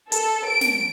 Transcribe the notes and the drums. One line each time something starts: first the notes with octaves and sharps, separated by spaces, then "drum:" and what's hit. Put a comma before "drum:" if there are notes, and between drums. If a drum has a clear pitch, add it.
A4, drum: hi-hat
D7
drum: snare